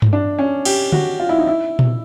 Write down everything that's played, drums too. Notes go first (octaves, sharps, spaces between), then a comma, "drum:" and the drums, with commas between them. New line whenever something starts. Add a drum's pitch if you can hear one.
drum: tom G2
D4
C#4
G4, drum: cymbal
F#4, drum: tom D3
F4
E4
D#4
E4
drum: tom A#2